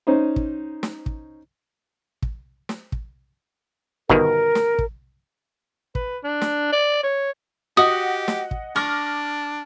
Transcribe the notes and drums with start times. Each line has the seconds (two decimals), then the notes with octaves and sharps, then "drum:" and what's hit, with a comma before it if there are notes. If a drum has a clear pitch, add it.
0.07 C#4 D#4 C5
0.36 drum: kick
0.83 drum: snare
1.06 drum: kick
2.22 drum: kick
2.69 drum: snare
2.92 drum: kick
4.09 G1 B2 D#3 A#4, drum: kick
4.55 drum: snare
4.79 drum: kick
5.95 B4, drum: kick
6.24 D4
6.41 drum: snare
6.72 D5
7.03 C#5
7.77 F#4 G4 D#5 F#5 D#6
8.28 drum: snare
8.51 drum: kick
8.76 D4 C#6 D6 F6 A#6